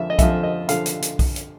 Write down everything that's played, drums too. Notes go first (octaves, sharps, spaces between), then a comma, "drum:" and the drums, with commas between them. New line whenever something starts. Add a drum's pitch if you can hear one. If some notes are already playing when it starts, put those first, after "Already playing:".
Already playing: F2 D3 F3 E5
D#5
F2 D3 F3 E5, drum: kick B1, hi-hat
D#5
D3 F3 F5, drum: hi-hat
drum: hi-hat
drum: hi-hat
drum: kick B1, open hi-hat
drum: hi-hat